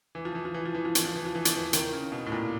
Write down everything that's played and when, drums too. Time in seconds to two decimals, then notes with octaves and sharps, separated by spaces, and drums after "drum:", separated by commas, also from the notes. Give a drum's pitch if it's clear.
0.15 E3
0.25 F3
0.35 E3
0.45 F3
0.54 E3
0.65 F3
0.75 E3
0.85 F3
0.95 E3, drum: hi-hat
1.05 F3
1.15 E3
1.25 F3
1.35 E3
1.45 F3, drum: hi-hat
1.56 E3
1.73 D#3, drum: hi-hat
1.93 C#3
2.12 B2
2.26 A2
2.32 A#2